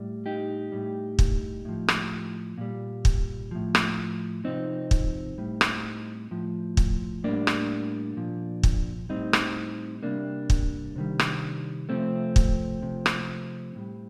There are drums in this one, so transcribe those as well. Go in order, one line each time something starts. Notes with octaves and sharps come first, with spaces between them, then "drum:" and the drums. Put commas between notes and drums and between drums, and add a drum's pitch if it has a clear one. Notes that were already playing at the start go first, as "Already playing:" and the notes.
Already playing: A2 G3
D#4 G4
A2 G3
drum: kick
A2 F3
drum: rim click
A#2 G3
drum: kick
A2 F3
drum: rim click
C3 F3 C4 D#4
drum: kick
A2 G3
drum: rim click
A2 F3
drum: kick
A2 G3 A#3 D4
drum: rim click
A#2 F3
drum: kick
A2 G3 C4 D#4
drum: rim click
C3 G3 A#3 D4
drum: kick
C3 D#3 G3
drum: rim click
C3 F3 A3 C4
drum: kick
C3 F3
drum: rim click
A2 G3